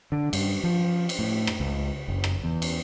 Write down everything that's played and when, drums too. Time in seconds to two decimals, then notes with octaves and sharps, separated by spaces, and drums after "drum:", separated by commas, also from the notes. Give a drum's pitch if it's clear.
0.12 D3
0.33 G2, drum: cymbal
0.64 F3
1.09 drum: cymbal
1.19 A2
1.47 drum: rim click
1.60 C#2
2.08 F#1
2.24 drum: rim click
2.43 E2
2.62 drum: cymbal